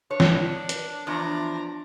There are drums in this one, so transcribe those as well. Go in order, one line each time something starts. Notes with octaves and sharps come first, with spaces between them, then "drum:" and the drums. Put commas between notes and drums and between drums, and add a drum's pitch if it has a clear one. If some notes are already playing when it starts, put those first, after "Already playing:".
D4 C#5
drum: snare
drum: hi-hat
E2 F3 D4 A#5